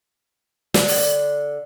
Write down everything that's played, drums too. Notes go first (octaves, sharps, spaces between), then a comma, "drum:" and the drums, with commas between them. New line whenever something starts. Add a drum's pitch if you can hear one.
D3, drum: snare
drum: open hi-hat